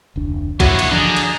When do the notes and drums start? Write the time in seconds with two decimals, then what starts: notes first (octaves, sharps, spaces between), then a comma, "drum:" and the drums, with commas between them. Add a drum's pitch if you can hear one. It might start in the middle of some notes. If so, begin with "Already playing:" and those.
0.16 F1 D2 D4
0.60 G2 C#3 A#3 D4 E4 F#4 C#5 D#5, drum: kick A1, cymbal
0.79 drum: cymbal
0.91 D3 E3 F3 D4 G#4 D#5 A#5
1.16 drum: cymbal